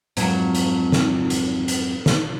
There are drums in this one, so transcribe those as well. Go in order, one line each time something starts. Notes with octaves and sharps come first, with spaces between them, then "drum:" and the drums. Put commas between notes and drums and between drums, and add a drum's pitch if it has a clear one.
F2 G#2 F#3, drum: hi-hat
drum: hi-hat
drum: snare
drum: hi-hat
drum: hi-hat
drum: snare